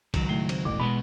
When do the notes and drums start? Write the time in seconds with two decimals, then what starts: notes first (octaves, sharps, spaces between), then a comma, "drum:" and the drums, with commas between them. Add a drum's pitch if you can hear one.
0.14 C#2 D#3 F#3, drum: kick, cymbal
0.29 A2 C7 G7
0.49 C4, drum: cymbal
0.65 E1 A1 D6
0.80 B2 G#3 B3 B5